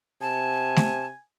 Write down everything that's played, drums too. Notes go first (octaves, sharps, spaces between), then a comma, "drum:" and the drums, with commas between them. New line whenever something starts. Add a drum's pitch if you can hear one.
C3 G#5 A5
drum: snare A3